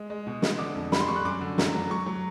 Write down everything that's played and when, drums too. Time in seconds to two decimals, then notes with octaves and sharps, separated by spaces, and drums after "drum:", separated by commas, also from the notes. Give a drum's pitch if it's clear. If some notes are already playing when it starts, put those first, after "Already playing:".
Already playing: G#3
0.10 G#3
0.27 B2
0.42 G#3, drum: snare
0.59 D3 D6
0.76 F2
0.92 G3 B5, drum: snare
1.00 C6
1.08 G3 C#6
1.16 F#6
1.25 F#2 D6
1.41 D3
1.58 F#3, drum: snare
1.74 F#3
1.90 F#3 C#6
2.06 F#3